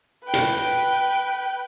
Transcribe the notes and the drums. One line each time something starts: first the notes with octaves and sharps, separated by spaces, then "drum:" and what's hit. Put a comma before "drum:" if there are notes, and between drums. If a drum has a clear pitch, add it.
B4 G5
drum: hi-hat